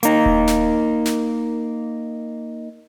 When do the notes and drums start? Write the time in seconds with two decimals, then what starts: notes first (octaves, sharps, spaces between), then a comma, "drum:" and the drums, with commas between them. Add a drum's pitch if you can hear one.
0.03 A#3 D#4, drum: hi-hat
0.26 drum: kick D#1
0.47 drum: snare
1.05 drum: snare